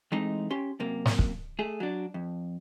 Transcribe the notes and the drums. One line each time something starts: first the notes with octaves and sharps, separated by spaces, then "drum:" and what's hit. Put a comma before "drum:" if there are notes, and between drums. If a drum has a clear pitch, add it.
E3 G#3 A3 C4 D#4
C#4 G4 C6
F#2 C3 A#3
drum: snare
drum: kick
A3 G#4
F#3 D4
F2